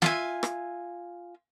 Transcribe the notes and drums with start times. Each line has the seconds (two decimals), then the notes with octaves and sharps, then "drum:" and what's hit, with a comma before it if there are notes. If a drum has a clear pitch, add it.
0.02 F4 E5 G#5, drum: snare
0.43 drum: rim click